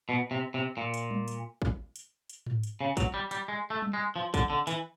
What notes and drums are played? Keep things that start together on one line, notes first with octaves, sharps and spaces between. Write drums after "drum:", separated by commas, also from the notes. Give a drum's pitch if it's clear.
B2
C3
C3
A#2
drum: hi-hat
drum: tom G3
drum: hi-hat
drum: kick
drum: hi-hat
drum: hi-hat
drum: tom G#2
drum: hi-hat
C#3
F#3, drum: kick, hi-hat
G3
G3, drum: hi-hat
G#3
A3
drum: tom G3
G#3
F3
D3, drum: kick, hi-hat
D3
E3, drum: hi-hat